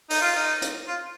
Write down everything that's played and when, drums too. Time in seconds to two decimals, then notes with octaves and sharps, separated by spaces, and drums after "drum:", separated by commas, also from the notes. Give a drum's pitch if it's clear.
0.10 D#4, drum: open hi-hat
0.22 F4
0.35 D#4
0.62 drum: hi-hat
0.88 F4